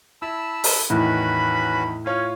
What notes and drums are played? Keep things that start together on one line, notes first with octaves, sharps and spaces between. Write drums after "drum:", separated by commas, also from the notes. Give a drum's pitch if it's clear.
E4 A5 B5 E6
drum: open hi-hat
E2 A2 D#3 C#4 F#4 B4 B5
C#4 F4 C#5